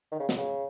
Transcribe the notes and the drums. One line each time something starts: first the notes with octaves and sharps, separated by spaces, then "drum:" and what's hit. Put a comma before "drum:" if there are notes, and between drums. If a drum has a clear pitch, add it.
D#3
C#3
B2, drum: snare
C#3